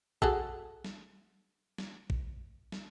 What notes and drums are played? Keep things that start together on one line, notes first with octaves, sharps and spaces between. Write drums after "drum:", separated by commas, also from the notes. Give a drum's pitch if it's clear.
F#4 G#4 A4, drum: kick A1
drum: snare
drum: snare
drum: kick A1
drum: snare